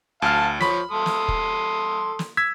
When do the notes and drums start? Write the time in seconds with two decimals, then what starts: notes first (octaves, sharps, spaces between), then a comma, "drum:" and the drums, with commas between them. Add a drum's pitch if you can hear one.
0.22 D2 F5 A5 F6
0.61 F3 C#5 B5 B6, drum: snare
0.91 A4 C6 D#6
1.06 drum: snare
1.28 drum: kick
2.19 drum: snare
2.37 E6 G#6 B6